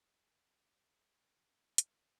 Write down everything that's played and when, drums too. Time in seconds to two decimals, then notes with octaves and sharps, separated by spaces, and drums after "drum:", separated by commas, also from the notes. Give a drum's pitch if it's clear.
0.23 G#3
0.38 D3
0.53 D3
0.73 C4
0.92 E4
1.13 D#3
1.25 D3
1.47 D3
1.78 C#4, drum: hi-hat
1.92 A#4